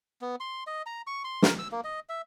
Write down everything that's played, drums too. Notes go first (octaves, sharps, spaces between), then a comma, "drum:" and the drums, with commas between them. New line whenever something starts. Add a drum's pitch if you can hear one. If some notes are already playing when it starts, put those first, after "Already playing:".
B3
C6
D#5
A#5
C#6
C6
A#4, drum: snare
E6
A#3
D#5
E5